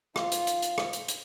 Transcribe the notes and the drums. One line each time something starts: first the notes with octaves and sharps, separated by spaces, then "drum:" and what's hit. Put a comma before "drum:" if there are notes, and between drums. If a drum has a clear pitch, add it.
F4, drum: rim click
drum: hi-hat
drum: hi-hat
drum: hi-hat
drum: rim click
drum: hi-hat
drum: hi-hat